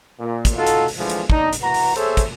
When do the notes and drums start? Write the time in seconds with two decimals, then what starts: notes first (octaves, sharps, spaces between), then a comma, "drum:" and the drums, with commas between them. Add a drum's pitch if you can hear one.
0.19 A#2
0.45 drum: kick, hi-hat
0.56 D#4 F4 F#4 A4
0.66 drum: hi-hat
0.88 drum: open hi-hat
0.98 D3 E3 F3 G#3
1.10 drum: hi-hat
1.30 D4 D#4, drum: kick
1.53 drum: hi-hat
1.62 E3 F#4 A#5
1.74 drum: open hi-hat
1.96 G#4 A4 C5 C#5 E5, drum: hi-hat
2.17 drum: kick, hi-hat